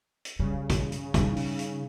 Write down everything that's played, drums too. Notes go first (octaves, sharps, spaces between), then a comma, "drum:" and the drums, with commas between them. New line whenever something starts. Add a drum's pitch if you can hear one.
drum: hi-hat
C#3 G3
drum: kick, hi-hat
drum: hi-hat
G3 D#4, drum: kick, hi-hat
drum: open hi-hat
drum: hi-hat